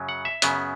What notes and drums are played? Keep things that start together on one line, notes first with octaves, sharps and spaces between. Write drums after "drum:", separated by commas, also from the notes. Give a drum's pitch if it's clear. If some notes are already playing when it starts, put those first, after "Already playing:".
Already playing: F#2 C#3 F#3
F#5
E5
F#2 C#3 F#3 B3, drum: hi-hat